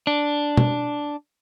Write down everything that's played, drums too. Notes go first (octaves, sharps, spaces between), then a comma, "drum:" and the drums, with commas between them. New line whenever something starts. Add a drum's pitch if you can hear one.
D4
drum: tom B2